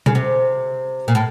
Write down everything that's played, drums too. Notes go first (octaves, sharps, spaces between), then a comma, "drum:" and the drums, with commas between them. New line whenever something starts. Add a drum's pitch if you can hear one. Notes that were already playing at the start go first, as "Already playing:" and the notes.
C#3, drum: tom B2
C3
A#2
A2